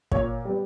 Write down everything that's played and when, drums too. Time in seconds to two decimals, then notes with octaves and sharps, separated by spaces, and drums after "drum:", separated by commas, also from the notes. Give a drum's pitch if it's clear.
0.12 A#2 C#5, drum: kick
0.45 G3 B3